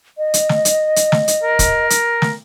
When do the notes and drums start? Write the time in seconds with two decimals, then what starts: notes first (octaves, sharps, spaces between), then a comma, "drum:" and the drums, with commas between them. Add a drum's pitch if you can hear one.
0.18 D#5
0.34 drum: hi-hat
0.49 drum: snare
0.65 drum: hi-hat
0.96 drum: hi-hat
1.12 drum: snare
1.28 drum: hi-hat
1.43 A#4
1.59 drum: kick, hi-hat
1.90 drum: hi-hat
2.22 drum: snare